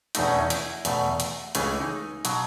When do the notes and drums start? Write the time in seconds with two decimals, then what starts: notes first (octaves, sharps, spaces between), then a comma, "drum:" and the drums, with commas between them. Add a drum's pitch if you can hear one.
0.15 E2 B2 A3 D#4, drum: hi-hat
0.27 C#4
0.38 D#4
0.50 E4, drum: hi-hat
0.85 E2 B2 A3, drum: hi-hat
1.20 drum: hi-hat
1.55 C#2 C#3 E3 A3 G#4, drum: hi-hat
1.64 F#4
1.72 E4
1.81 D#4
2.25 B2 F#3, drum: hi-hat